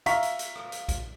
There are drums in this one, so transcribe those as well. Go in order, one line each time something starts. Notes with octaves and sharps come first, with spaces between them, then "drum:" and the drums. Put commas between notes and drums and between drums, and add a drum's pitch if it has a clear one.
E5 F5 A#5 C#6 B6, drum: hi-hat
drum: hi-hat
drum: hi-hat
drum: rim click
drum: hi-hat
drum: kick A#1, hi-hat